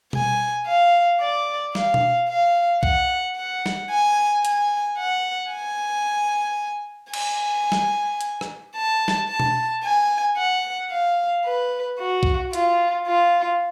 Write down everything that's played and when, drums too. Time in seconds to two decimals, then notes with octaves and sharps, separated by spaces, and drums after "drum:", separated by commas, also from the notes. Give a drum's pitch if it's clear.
0.13 G#5, drum: tom B2
0.67 F5
1.21 D5
1.75 F5, drum: snare
1.94 drum: tom B2
2.29 F5
2.83 F#5, drum: kick
3.36 F#5
3.66 drum: snare
3.90 G#5
4.45 G#5, drum: hi-hat
4.98 F#5
5.52 G#5
7.14 G#5, drum: cymbal
7.72 drum: snare
8.21 drum: hi-hat
8.41 drum: rim click
8.76 A5
9.08 drum: snare
9.29 A5
9.40 drum: tom B2
9.84 G#5
10.37 F#5
10.91 F5
11.45 B4
11.99 F#4
12.23 drum: kick
12.53 F4, drum: hi-hat
13.07 F4